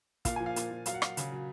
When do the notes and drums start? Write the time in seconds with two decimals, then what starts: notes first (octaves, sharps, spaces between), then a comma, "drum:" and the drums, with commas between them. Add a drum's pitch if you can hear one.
0.25 A#2 F5, drum: kick, hi-hat
0.36 G#5
0.40 F3
0.46 F5
0.56 A#2, drum: hi-hat
0.71 A#2
0.86 F#3 F5, drum: hi-hat
0.94 F#5
1.02 F#3 F5, drum: rim click
1.17 C#3, drum: hi-hat
1.32 F#3